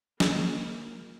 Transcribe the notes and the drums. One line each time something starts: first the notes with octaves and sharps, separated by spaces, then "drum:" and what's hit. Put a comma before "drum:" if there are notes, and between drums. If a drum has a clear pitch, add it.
A#3, drum: snare